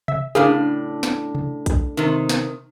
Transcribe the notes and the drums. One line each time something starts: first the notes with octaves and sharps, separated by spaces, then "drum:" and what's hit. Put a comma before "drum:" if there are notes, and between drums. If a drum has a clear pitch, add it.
E5, drum: tom C3
A2 C#3 D4 G#4 A#4 F5
drum: snare
drum: tom C3
drum: kick B1, hi-hat
C3 D#3
drum: snare